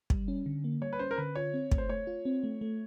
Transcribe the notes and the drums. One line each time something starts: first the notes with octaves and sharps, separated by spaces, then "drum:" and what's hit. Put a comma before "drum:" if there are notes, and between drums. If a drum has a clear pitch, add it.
G3, drum: kick
C#4
D3
A#3
G3 C#5
B4
C#4 C5
A#4
D3 B4
F4 C#5
C4
A3, drum: kick
C5
A3 C#5
F4
C4
A3
A3